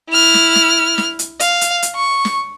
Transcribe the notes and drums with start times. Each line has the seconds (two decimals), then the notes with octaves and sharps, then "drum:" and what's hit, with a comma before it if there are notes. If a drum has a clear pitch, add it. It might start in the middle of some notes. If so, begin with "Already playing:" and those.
0.10 E4 F6
0.34 drum: snare
0.55 drum: snare
0.98 drum: snare
1.19 drum: hi-hat
1.40 F5, drum: hi-hat
1.61 drum: hi-hat
1.82 drum: hi-hat
1.95 C#6
2.25 drum: snare